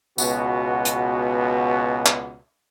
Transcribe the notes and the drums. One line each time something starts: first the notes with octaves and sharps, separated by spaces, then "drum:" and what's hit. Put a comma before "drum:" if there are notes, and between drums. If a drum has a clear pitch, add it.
C#2 B2 B3 F#4, drum: tambourine
drum: hi-hat
drum: clap